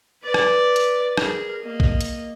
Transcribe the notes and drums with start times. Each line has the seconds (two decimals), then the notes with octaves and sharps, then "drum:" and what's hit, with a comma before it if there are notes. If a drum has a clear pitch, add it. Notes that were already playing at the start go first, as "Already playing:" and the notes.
0.23 B4 D5
0.34 drum: rim click
0.76 drum: hi-hat
1.17 G#4 A#4, drum: rim click
1.62 A#3 D#5
1.80 drum: kick A1
2.01 drum: hi-hat